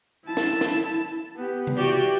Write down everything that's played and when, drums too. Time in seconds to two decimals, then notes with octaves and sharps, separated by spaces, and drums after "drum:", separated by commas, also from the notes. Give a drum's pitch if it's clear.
0.25 E4 A5
0.37 drum: snare
0.61 drum: snare
1.36 B3 G4
1.67 drum: tom C3
1.77 E3 F#4 G4 D5